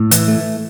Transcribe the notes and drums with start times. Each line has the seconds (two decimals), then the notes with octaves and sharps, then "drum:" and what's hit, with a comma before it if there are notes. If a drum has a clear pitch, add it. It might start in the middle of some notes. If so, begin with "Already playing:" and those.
Already playing: A2
0.11 E3, drum: hi-hat
0.28 A3